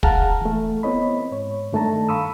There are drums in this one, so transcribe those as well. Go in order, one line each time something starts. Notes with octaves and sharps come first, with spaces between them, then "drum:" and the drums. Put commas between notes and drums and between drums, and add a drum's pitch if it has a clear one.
G#4 F5 F#5 A5 A#5 F6, drum: kick
E3 A3
B3 C4 E4 C#5 D#5 B5
G#2 C#5
G2 D#3 A3 D4 A5 A#5
F5 B5 C#6 D#6 E6